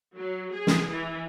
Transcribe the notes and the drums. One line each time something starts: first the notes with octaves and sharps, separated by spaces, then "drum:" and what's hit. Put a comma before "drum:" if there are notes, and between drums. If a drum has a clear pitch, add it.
F#3
G#4
drum: snare
E3